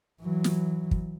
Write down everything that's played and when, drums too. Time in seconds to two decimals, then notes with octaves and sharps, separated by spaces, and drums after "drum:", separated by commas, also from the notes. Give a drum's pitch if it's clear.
0.21 E3 F#3
0.44 drum: snare
0.91 drum: kick